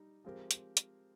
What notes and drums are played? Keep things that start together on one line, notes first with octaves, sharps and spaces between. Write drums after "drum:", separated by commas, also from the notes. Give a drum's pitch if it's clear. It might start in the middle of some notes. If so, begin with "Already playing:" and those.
Already playing: G3 D#4
F3 G#3 C4 G4 A#4
drum: hi-hat
drum: hi-hat